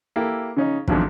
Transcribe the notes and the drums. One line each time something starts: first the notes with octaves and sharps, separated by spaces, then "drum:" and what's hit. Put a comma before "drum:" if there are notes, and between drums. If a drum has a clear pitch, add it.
A#3 E4 G4 A4
C#3 C#4 D#4
E2 G#2 D3 F3 F#3 C4, drum: kick